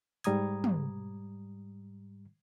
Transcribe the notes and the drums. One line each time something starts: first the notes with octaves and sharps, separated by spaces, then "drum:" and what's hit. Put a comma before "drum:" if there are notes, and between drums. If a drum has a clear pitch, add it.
G#2 G3 A#5 D#6 G#6, drum: hi-hat
drum: tom